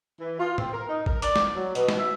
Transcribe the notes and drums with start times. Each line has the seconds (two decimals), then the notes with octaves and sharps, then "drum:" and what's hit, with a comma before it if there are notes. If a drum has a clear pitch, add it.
0.20 E3
0.39 F4
0.58 C4, drum: tom
0.73 A#4
0.88 D#4
1.06 A#4, drum: kick
1.22 D5, drum: hi-hat
1.36 drum: snare
1.55 F#3
1.75 B2, drum: hi-hat
1.88 drum: snare
1.98 E5